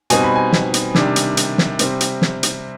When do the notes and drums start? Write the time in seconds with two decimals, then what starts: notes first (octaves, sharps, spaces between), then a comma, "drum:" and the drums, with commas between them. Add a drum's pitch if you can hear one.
0.10 B2 G3 C4 D#4 G#5, drum: hi-hat
0.23 B5
0.35 G#5
0.52 drum: snare
0.74 drum: hi-hat
0.95 C3 D#3 G3 D4, drum: snare
1.16 drum: hi-hat
1.37 drum: hi-hat
1.58 drum: snare
1.79 C3 G3 C4, drum: hi-hat
2.01 drum: hi-hat
2.22 drum: snare
2.43 drum: hi-hat